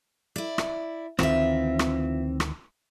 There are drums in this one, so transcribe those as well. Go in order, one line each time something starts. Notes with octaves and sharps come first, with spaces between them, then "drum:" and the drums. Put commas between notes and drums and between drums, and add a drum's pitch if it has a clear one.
E4 D5
drum: rim click
D2 D#3 E3 C4 F4 E5, drum: rim click
drum: rim click
drum: rim click